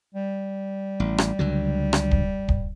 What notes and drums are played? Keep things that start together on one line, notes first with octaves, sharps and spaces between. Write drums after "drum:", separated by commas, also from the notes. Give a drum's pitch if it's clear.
G3
A1
drum: rim click
C#2 D3 F#3
drum: rim click
drum: kick
drum: kick